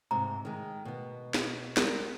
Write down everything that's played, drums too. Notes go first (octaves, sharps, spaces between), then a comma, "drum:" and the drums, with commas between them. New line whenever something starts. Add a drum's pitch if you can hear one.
G#2 C3 A#5
D#3 G#3
B2 B3
drum: snare
G3 G#3 A#4, drum: snare